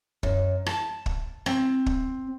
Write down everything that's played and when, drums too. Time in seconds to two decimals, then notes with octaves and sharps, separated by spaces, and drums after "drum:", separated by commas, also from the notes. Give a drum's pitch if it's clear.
0.23 F#2, drum: kick
0.66 A5, drum: rim click
1.06 drum: kick
1.46 C4, drum: rim click
1.86 drum: kick